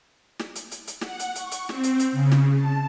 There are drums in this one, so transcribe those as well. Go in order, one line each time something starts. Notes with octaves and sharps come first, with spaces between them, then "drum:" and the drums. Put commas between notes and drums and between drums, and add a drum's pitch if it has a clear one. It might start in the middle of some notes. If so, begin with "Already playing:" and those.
drum: snare
drum: hi-hat
drum: hi-hat
drum: hi-hat
F#5, drum: snare
drum: hi-hat
C#6, drum: hi-hat
drum: hi-hat
C4, drum: snare
drum: hi-hat
drum: hi-hat
C#3
drum: snare
A5